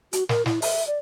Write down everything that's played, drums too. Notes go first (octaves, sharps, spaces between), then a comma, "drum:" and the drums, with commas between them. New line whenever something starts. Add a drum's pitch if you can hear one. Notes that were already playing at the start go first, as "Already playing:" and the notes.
F#4, drum: hi-hat
A#4, drum: snare
E4, drum: snare
E5, drum: open hi-hat
D5